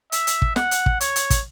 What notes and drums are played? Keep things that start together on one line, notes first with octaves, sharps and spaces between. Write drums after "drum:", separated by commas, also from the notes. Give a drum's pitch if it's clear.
E5, drum: hi-hat
drum: hi-hat
drum: kick
F#5, drum: snare
drum: hi-hat
drum: kick
C#5, drum: hi-hat
drum: hi-hat
drum: kick, hi-hat